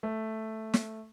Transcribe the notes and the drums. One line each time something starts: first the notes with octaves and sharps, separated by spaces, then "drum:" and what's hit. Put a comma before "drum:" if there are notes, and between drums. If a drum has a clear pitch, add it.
A3
drum: snare